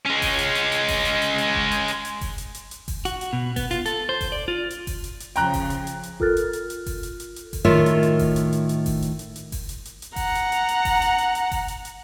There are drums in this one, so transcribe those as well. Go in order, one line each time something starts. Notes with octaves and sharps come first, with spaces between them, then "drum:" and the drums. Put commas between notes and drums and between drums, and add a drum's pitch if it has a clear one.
G#3 C#4
drum: kick F#1, open hi-hat
drum: hi-hat
drum: hi-hat
drum: hi-hat
drum: kick F#1, open hi-hat
drum: hi-hat
drum: hi-hat
drum: hi-hat
drum: kick F#1
drum: hi-hat
drum: hi-hat
drum: hi-hat
drum: kick F#1, open hi-hat
drum: hi-hat
drum: hi-hat
drum: hi-hat
drum: kick F#1, open hi-hat
F#4, drum: hi-hat
drum: hi-hat
B2
B3, drum: kick F#1, open hi-hat
F4, drum: hi-hat
A4, drum: hi-hat
C5
drum: kick F#1, open hi-hat
D5
F4
drum: hi-hat
drum: kick F#1, open hi-hat
drum: hi-hat
drum: hi-hat
C#3 F3 G5 A#5 F#6, drum: hi-hat
drum: kick F#1, open hi-hat
drum: hi-hat
drum: hi-hat
drum: hi-hat
F4 A4 A#4 F6 F#6 A6, drum: kick F#1
drum: hi-hat
drum: hi-hat
drum: hi-hat
drum: kick F#1, open hi-hat
drum: hi-hat
drum: hi-hat
drum: hi-hat
drum: kick F#1, open hi-hat
A2 D#3 F4 A#4 C#5 E5
drum: hi-hat
drum: hi-hat
drum: kick F#1, open hi-hat
drum: hi-hat
drum: hi-hat
drum: hi-hat
drum: kick F#1, open hi-hat
drum: hi-hat
drum: hi-hat
drum: hi-hat
drum: kick F#1, open hi-hat
drum: hi-hat
drum: hi-hat
drum: hi-hat
F#5 A#5, drum: kick F#1, open hi-hat
drum: hi-hat
drum: hi-hat
drum: hi-hat
drum: kick F#1, open hi-hat
drum: hi-hat
drum: hi-hat
drum: hi-hat
drum: kick F#1, open hi-hat
drum: hi-hat
drum: hi-hat